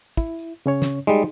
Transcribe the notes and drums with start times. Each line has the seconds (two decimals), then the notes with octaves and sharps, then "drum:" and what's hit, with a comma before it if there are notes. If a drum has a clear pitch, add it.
0.17 E4, drum: kick, tambourine
0.39 drum: tambourine
0.66 C#3 C#4 C#5
0.82 drum: snare
1.07 G3 G#3 D#4